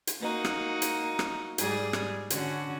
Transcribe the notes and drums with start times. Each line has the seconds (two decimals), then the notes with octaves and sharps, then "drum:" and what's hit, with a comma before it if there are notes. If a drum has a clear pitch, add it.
0.07 drum: hi-hat
0.20 A#3 D#4 F#4
0.45 drum: rim click
0.82 drum: hi-hat
1.19 drum: rim click
1.58 G#2 G3 G#4 D5, drum: hi-hat
1.93 drum: rim click
2.30 D3 C#4 F#4, drum: hi-hat